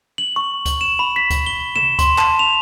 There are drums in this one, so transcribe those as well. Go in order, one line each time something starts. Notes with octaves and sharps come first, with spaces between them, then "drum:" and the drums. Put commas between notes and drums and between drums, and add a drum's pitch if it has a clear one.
F#7
C#6
F#7, drum: kick C#2, hi-hat
E7
B5
B6
drum: kick C#2, hi-hat
G7
E7, drum: tom C3
C6, drum: kick C#2, hi-hat
A5, drum: clap
F7